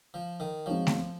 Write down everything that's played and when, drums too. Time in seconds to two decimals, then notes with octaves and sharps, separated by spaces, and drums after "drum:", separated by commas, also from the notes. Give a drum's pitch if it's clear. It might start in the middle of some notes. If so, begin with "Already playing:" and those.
0.14 F3
0.40 D#3
0.66 F3 G#3 C4 D#4 F#4 C#5
0.87 drum: snare A3